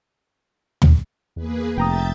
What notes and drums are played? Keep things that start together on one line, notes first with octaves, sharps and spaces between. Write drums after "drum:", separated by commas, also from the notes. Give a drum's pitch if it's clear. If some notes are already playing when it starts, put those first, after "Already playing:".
drum: tom
E2 A#3 G#4 B4
F1 E5 G5 A#5 D#6 G6 A6